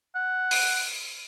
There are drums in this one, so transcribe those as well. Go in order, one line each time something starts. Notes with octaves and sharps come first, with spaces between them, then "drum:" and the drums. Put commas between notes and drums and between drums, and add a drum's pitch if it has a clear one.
F#5
drum: open hi-hat